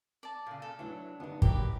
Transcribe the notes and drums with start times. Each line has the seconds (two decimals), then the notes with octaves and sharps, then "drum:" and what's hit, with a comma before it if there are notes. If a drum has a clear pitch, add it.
0.23 D5 A5
0.46 A#2 C#3
0.62 A4
0.79 F#3 A3 D4 E4 B4
1.20 G1 C3 B3 D4 D#4
1.42 A2 E3 F#3 G4 A#4 B4, drum: kick